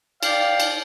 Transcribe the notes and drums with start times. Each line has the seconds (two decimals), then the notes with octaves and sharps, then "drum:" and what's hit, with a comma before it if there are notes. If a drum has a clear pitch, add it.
0.23 D5 F5 G5, drum: cymbal
0.60 drum: cymbal